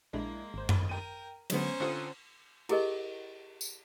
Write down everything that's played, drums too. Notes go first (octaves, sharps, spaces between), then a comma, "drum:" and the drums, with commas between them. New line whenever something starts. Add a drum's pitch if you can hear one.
A#1 G#3 A#3 D4 E4
G#1 C5
drum: tom F#2
A#4 G5 D#7
D3 F#3 G#3 B3 C#4 C5 A#5, drum: cymbal
D3 C4 F4 C#6 D#6
E4 G4 G#4 A#4 D#5, drum: cymbal
drum: tambourine